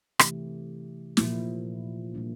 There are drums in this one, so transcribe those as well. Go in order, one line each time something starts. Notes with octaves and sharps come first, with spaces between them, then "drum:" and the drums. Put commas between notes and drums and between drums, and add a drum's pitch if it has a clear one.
C3 E3 A3 E4 G4, drum: rim click
A#2 F3 A#3 E4, drum: snare
A#2 G3 A#3 D4